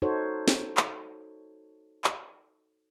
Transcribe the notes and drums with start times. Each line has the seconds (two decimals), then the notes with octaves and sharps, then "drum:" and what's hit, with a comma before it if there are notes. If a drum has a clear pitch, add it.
0.02 D#4 F#4 A4 C5 C#5
0.48 drum: snare
0.77 drum: clap
2.04 drum: clap